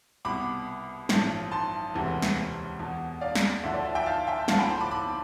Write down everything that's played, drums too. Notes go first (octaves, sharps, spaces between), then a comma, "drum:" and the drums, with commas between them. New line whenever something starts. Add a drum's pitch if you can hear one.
C2 B2 B5 D6
A1 G2 F3, drum: snare
A5 C6
E1 D2 C3 E3
drum: snare
E2 B2
D5 F5
drum: snare
D2 D3 F3 E5
D5
E5
E5 G5
F5 A5
E5 G5
D2 D3 F3 F5 A5, drum: snare
G5 B5
A5 C6
B5 D6
B5 D6